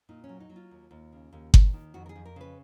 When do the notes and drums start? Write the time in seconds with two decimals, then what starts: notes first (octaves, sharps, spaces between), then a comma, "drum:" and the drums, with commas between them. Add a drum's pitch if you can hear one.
0.09 A#2 D#4
0.24 C#4
0.29 F#3
0.40 D#4
0.49 F#3
0.56 F4
0.71 D#2
0.91 D#2
1.12 C#3
1.33 D#2
1.54 D#2, drum: kick G1
1.74 D#3
1.94 F2 F#4
2.06 A#4
2.09 G#4
2.16 F2
2.25 A#4
2.36 C#3 B4